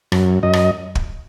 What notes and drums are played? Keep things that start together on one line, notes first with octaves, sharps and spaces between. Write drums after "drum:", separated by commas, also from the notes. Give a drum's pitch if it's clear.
F#2, drum: rim click
F#2 D#5
drum: rim click
drum: kick